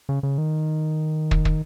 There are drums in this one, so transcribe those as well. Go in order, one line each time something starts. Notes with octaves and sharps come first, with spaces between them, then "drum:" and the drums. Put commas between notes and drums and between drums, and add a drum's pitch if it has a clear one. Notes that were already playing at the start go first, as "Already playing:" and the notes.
C#3
C#3
D#3
drum: kick
drum: kick